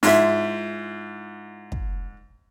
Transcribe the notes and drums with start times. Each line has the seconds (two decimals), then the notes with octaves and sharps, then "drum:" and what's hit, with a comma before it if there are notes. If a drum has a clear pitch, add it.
0.03 G#2 E4 F4 E5, drum: open hi-hat
1.72 drum: kick